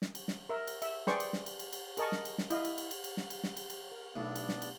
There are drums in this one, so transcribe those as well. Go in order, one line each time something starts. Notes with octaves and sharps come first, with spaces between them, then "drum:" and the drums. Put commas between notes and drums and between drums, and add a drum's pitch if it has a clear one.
drum: snare
drum: cymbal
drum: snare
A#4 E5
drum: cymbal
E5, drum: cymbal
G#4 B4 C5 D5 G5 C#6, drum: snare
drum: cymbal
drum: snare
drum: cymbal
drum: cymbal
drum: cymbal
G#4 A#4 D#5 A5 C#6, drum: cymbal
drum: snare
drum: cymbal
drum: snare
E4 D#5 F5, drum: cymbal
drum: cymbal
drum: cymbal
drum: cymbal
drum: cymbal
drum: snare
drum: cymbal
drum: snare
drum: cymbal
drum: cymbal
A#4
B1 A3 B3 D4 E4 D5
drum: cymbal
drum: snare
drum: cymbal